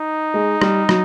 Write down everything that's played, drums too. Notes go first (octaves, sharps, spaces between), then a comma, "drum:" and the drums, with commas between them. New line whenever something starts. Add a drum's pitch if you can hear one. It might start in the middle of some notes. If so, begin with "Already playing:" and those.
Already playing: D#4
G#3
G3, drum: rim click
F#3, drum: rim click